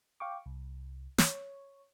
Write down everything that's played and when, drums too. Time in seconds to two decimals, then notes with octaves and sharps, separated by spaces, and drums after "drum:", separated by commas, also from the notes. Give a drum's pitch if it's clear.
0.20 F5 G5 C#6 D6
0.46 C2
1.18 C#5, drum: snare